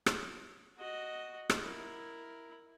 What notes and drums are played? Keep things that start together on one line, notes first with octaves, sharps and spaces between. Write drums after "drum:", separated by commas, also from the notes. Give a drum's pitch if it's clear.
drum: rim click
F#4 D#5
drum: rim click
E4 A#4